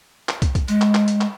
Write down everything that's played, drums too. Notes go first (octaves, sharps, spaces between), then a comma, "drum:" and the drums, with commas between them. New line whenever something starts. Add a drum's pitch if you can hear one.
drum: clap
drum: kick, hi-hat
drum: kick, hi-hat
G#3, drum: hi-hat
drum: clap
drum: clap
drum: hi-hat
drum: clap